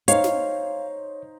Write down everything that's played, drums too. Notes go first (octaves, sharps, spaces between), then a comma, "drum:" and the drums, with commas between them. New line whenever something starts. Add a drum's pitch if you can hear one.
D#4 C5 C#5 F5, drum: hi-hat
drum: snare